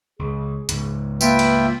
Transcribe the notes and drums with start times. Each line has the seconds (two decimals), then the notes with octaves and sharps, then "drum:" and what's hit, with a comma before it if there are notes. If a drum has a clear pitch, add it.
0.19 C#2 G#4
0.69 C#2 G#2, drum: hi-hat
1.21 A#3 F4 B4 E5 G5, drum: tambourine
1.39 drum: cymbal